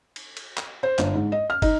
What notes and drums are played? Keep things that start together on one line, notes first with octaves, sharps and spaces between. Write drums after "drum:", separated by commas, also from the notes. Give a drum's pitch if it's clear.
drum: cymbal
drum: cymbal
drum: clap
C5
G1, drum: clap
G#2
D#5
F6
D#4, drum: kick, cymbal